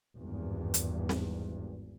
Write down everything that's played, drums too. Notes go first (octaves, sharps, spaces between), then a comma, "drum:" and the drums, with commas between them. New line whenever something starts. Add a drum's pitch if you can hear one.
G#1 E2 G2
drum: hi-hat
drum: snare C4